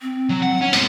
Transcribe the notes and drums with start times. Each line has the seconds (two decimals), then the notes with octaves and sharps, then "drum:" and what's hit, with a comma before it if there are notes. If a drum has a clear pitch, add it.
0.01 C4
0.29 F#3
0.42 F#5
0.61 C#4
0.73 G#2 B2, drum: open hi-hat